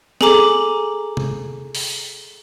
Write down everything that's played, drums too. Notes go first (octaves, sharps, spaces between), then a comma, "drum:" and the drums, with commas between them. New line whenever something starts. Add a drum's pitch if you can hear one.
G#4 A4 G#5 A#5 D6 F#7, drum: snare
drum: tom C3
drum: open hi-hat